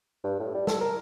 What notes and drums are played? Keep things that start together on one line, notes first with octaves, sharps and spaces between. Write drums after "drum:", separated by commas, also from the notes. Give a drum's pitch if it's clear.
G2
A2
G3
A4, drum: snare
A#4